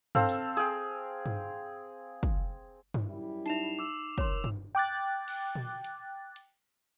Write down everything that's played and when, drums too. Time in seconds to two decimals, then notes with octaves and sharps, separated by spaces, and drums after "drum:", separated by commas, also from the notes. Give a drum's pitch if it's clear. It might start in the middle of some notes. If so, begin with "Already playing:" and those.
0.15 C4 A4 F5, drum: tom G2
0.29 drum: tambourine
0.57 G#4 G5, drum: open hi-hat
1.26 drum: tom G2
2.23 drum: kick
2.94 drum: tom G2
3.05 F#2 G3 E4
3.46 D#4 E5 C7 E7 F7, drum: hi-hat
3.79 D6 E6
4.18 A#4 C#5 C6, drum: kick
4.44 drum: tom G2
4.75 G5 D6 F#6 A6
5.28 drum: cymbal
5.55 drum: tom A#2
5.84 drum: hi-hat
6.36 drum: hi-hat